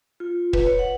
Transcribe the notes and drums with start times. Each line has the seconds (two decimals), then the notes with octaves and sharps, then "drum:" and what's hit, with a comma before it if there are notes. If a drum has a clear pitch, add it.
0.20 F4
0.53 B4, drum: kick
0.66 C#5
0.79 F#5